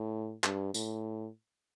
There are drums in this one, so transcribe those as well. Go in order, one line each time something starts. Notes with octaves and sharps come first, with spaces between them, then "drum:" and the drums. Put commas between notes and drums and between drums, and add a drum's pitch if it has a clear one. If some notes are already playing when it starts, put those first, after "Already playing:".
Already playing: A2
G2, drum: clap
A2, drum: tambourine